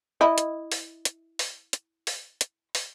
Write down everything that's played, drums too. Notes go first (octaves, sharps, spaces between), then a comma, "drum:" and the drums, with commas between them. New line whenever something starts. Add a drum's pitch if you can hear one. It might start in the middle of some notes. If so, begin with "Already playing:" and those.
E4 D#5
drum: hi-hat
drum: open hi-hat
drum: hi-hat
drum: open hi-hat
drum: hi-hat
drum: open hi-hat
drum: hi-hat
drum: open hi-hat